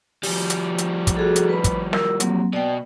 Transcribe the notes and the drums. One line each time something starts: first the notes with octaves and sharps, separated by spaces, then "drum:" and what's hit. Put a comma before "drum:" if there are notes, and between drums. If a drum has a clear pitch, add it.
F3 G3, drum: open hi-hat
drum: hi-hat
drum: hi-hat
drum: kick, hi-hat
F#4 G#4 A4
drum: hi-hat
B4 B5
drum: kick, hi-hat
A#4 E6, drum: snare
F#3 A#3 C4, drum: hi-hat
B2 D5 G5